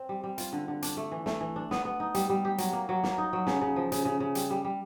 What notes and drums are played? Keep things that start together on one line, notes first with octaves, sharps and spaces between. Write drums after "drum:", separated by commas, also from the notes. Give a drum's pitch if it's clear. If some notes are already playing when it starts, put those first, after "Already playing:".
Already playing: C4
G3
G3
F4, drum: hi-hat
D3
D3
D4, drum: hi-hat
A3
E3
A3, drum: snare
E3
D4
B3, drum: snare
B3
D#4
G3, drum: hi-hat
G3
G4
F#3, drum: hi-hat
A#3
F#3
A#3, drum: snare
D#4
F#3
C#3, drum: snare
C#3
F3
C#3, drum: hi-hat
C#3
C#3
G3, drum: hi-hat
G3
G3